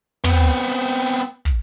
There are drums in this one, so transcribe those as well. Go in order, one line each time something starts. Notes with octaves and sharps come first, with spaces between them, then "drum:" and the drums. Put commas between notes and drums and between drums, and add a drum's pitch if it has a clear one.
B3 C4, drum: tom
drum: kick